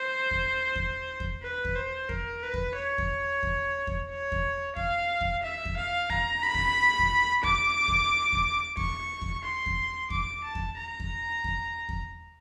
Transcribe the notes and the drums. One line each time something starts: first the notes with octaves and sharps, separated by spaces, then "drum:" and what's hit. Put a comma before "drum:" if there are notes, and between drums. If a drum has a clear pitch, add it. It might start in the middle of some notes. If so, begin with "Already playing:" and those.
Already playing: C5
drum: kick E2
drum: kick E2
drum: kick E2
B4
drum: kick E2
C5
A#4, drum: kick E2
B4
drum: kick E2
C#5
drum: kick E2
drum: kick E2
drum: kick E2
C#5
drum: kick E2
F5, drum: kick E2
drum: kick E2
E5
drum: kick E2
F5
A#5, drum: kick E2
B5
drum: kick E2
drum: kick E2
D6, drum: kick E2
drum: kick E2
drum: kick E2
C#6, drum: kick E2
drum: kick E2
C6
drum: kick E2
D6, drum: kick E2
A5
drum: kick E2
A#5
drum: kick E2
drum: kick E2
drum: kick E2